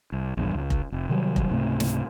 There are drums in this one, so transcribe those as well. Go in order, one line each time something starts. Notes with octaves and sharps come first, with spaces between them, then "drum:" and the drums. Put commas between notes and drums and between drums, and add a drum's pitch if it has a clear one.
C2
A#1 E2 G2
C#2
drum: kick F1
F1
C3 D#3 F#3 G3
drum: kick F1
C#2 G#2 C3 A3
drum: snare